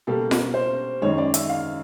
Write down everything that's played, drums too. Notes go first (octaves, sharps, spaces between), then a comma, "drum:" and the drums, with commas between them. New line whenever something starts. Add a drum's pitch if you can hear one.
B2 G3 A#3 A4
A#4, drum: snare F4
C5
F#2 D#3 G#3 C#5
D5
E5, drum: hi-hat
F5